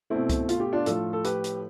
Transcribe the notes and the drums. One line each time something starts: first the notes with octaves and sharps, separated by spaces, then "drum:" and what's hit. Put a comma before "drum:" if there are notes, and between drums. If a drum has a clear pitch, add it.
B2 A3 C4 E4
drum: kick C2, hi-hat
F4, drum: hi-hat
G4
D4 F4
A2 F3 A3 F4 A4, drum: hi-hat
A4
G4 B4, drum: hi-hat
drum: hi-hat